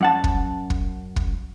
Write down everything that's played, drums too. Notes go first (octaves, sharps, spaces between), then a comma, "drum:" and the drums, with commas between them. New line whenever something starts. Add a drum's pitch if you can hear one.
F#2 F#5 A5
drum: kick
drum: kick
drum: kick